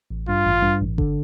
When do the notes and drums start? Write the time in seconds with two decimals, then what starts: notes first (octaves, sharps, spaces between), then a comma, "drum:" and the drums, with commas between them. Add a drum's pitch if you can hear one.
0.11 A1
0.29 G2 F4
0.46 A1
0.62 G2
0.81 A1
0.98 D3, drum: kick G1